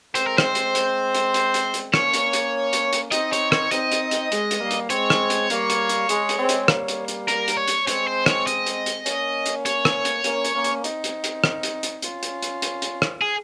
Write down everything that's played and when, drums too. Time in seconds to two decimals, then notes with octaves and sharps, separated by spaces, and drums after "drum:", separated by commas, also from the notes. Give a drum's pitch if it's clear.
0.15 G#3 C4 C5, drum: hi-hat
0.27 A#4
0.38 C5, drum: rim click
0.55 drum: hi-hat
0.75 drum: hi-hat
1.15 drum: hi-hat
1.34 drum: hi-hat
1.54 drum: hi-hat
1.74 drum: hi-hat
1.94 A#3 C#4 C#5, drum: rim click
2.13 drum: hi-hat
2.33 drum: hi-hat
2.73 drum: hi-hat
2.93 drum: hi-hat
3.12 C4 D#4 D#5, drum: hi-hat
3.33 C#5, drum: hi-hat
3.52 C#5, drum: rim click
3.71 C4 D#4 D#5, drum: hi-hat
3.92 drum: hi-hat
4.11 drum: hi-hat
4.32 G#3, drum: hi-hat
4.51 drum: hi-hat
4.61 G3 A#3
4.71 drum: hi-hat
4.90 G#3 C4 C#5, drum: hi-hat
5.10 drum: rim click
5.30 drum: hi-hat
5.50 G3 A#3, drum: hi-hat
5.70 drum: hi-hat
5.89 drum: hi-hat
6.09 G#3, drum: hi-hat
6.29 drum: hi-hat
6.39 G#3 C4
6.49 drum: hi-hat
6.68 G3 A#3, drum: rim click
6.88 drum: hi-hat
7.08 drum: hi-hat
7.28 A#4, drum: hi-hat
7.48 drum: hi-hat
7.57 C#5
7.68 drum: hi-hat
7.87 G#3 C4 C#5, drum: hi-hat
8.07 C5
8.26 C#5, drum: rim click
8.47 D#5, drum: hi-hat
8.67 drum: hi-hat
8.86 drum: hi-hat
9.06 A#3 C#4, drum: hi-hat
9.46 drum: hi-hat
9.66 C#5, drum: hi-hat
9.85 drum: rim click
10.05 drum: hi-hat
10.24 A#3 C#4, drum: hi-hat
10.45 drum: hi-hat
10.54 A#3 C#4
10.64 drum: hi-hat
10.84 C4 D#4, drum: hi-hat
11.04 drum: hi-hat
11.24 drum: hi-hat
11.44 drum: rim click
11.63 drum: hi-hat
11.83 drum: hi-hat
12.02 C#4 F4, drum: hi-hat
12.23 drum: hi-hat
12.43 drum: hi-hat
12.62 drum: hi-hat
12.82 drum: hi-hat
13.02 drum: rim click
13.21 G#4